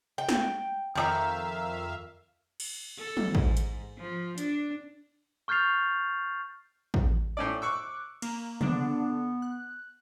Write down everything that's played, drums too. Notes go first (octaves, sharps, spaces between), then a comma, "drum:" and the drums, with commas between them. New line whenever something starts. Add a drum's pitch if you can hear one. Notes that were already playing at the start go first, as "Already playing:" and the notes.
G5
drum: snare
F2 D#3 D5 E5 F5 A#5
drum: cymbal
A4
drum: tom
G#2, drum: kick
drum: hi-hat
F3
D4, drum: hi-hat
C#6 F6 G6 A6 C7 F7
drum: kick
A2 C#4 D5
C#6 D6 E6 F#6
A#3, drum: cymbal
D3 B3 D4, drum: tom
F#6